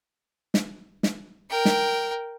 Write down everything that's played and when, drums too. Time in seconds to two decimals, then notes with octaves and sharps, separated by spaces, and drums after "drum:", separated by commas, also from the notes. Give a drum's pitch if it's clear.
0.54 drum: snare
1.03 drum: snare
1.50 A#4 G5
1.65 drum: snare